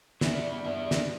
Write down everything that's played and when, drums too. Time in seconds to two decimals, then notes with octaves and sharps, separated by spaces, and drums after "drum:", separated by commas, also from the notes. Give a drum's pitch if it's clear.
0.21 G3 B3 E4 B4 E5, drum: snare
0.33 F3
0.45 G2 G3
0.64 G2 G3 B3 E4 B4 E5
0.91 drum: snare